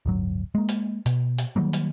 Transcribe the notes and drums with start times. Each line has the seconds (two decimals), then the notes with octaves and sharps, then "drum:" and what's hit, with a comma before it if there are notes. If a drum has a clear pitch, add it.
0.06 D1 G1 F#3
0.55 G#3 A#3
0.69 drum: hi-hat
1.06 B2, drum: hi-hat
1.38 drum: hi-hat
1.56 D#3 F#3 G3 A#3
1.73 drum: hi-hat